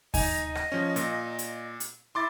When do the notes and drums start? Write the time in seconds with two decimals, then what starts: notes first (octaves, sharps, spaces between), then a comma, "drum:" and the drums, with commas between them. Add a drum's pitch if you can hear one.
0.14 D#4 D#5 G#5, drum: kick D#2, open hi-hat
0.55 drum: rim click
0.72 F3 C#4
0.96 A#2, drum: hi-hat
1.39 drum: hi-hat
1.80 drum: hi-hat
2.15 E4 C6 D6 A6